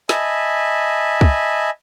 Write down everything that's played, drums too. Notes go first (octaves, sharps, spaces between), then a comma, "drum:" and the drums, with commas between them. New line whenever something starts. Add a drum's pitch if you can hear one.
D#5 E5 G#5 A5 B5, drum: snare
drum: kick